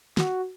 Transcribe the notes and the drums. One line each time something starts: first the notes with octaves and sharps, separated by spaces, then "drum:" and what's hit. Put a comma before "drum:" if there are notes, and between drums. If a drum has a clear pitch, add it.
F#4, drum: snare